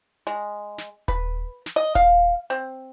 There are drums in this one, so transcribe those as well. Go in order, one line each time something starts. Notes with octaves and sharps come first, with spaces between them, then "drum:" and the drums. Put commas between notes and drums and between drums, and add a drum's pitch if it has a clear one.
G#3
drum: snare
B4, drum: kick D#1
drum: snare
D#5
F5, drum: kick D#1
C4